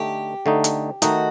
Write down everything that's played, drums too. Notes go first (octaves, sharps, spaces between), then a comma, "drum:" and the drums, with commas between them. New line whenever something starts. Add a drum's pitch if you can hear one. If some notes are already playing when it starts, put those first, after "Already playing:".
Already playing: D3 A3 D#4 G4
D3 A3 D#4
drum: hi-hat
D#3 A3 D#4 F#4, drum: hi-hat